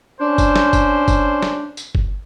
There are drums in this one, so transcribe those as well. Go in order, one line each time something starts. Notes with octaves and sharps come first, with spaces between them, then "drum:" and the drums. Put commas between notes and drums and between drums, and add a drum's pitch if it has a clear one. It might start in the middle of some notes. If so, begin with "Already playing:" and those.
C#4 D4 C5
drum: kick F#1, tambourine
drum: snare
drum: kick F#1, tambourine
drum: kick F#1, tambourine
drum: snare
drum: tambourine
drum: kick F#1